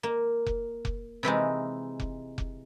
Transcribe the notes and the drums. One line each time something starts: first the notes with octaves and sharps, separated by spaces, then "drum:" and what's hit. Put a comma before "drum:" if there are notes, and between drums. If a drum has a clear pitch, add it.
A#3
drum: kick F1
drum: kick F1
C3 E3 G#3 D#4
drum: kick F1
drum: kick F1